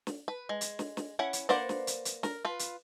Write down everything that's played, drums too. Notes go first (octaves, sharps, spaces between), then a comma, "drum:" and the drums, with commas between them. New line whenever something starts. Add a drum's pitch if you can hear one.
drum: snare
B4
G#3
drum: hi-hat
drum: snare
drum: snare
C#4 E4 F#5
drum: hi-hat
A#3 B4 C5 D5 F#5, drum: snare
drum: snare
drum: hi-hat
drum: hi-hat
A#4, drum: snare
F4 B4
drum: hi-hat